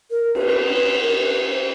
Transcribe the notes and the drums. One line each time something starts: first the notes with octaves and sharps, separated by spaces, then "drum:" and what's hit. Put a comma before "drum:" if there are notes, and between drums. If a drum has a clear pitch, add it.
A#4
B4, drum: cymbal
A#4
B4
B4
A#4
B4
B4
C5